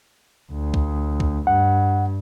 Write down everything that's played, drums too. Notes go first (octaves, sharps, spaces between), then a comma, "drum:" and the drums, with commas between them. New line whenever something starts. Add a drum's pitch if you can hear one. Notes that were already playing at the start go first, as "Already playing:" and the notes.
D2
drum: kick C#2
drum: kick C#2
G2 F#5